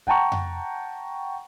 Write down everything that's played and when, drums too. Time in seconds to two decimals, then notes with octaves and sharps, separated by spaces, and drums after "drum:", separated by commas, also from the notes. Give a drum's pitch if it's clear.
0.07 F#5 G5 A5 A#5 C#6, drum: kick
0.32 drum: tom F2